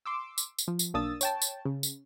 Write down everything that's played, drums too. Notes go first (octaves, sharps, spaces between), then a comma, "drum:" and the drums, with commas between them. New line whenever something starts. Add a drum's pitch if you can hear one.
C6 D6 E6
drum: tambourine
drum: tambourine
F3
drum: tambourine
B1 A#3 D4 D#6 E6 A6
C#5 G5 A5, drum: tambourine
drum: tambourine
C#3
drum: tambourine